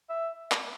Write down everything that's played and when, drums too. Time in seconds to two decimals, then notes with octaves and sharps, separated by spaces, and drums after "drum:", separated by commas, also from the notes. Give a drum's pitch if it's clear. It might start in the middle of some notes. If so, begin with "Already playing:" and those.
0.09 E5
0.52 drum: clap